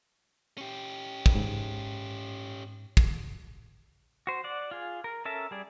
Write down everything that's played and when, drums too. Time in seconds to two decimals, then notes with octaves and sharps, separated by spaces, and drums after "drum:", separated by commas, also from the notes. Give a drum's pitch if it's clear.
0.58 C#4 G4
1.26 drum: kick
1.35 G#2
2.97 drum: kick
4.27 F#4 C5
4.44 D5 F#5
4.71 F4 G#4
5.04 A#4
5.25 C#4 A4 A#4 E5 A5
5.51 G3 G#4 D5